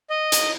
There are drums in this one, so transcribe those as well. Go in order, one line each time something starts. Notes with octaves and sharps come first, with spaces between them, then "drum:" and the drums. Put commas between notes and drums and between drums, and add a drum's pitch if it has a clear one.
D#5
drum: hi-hat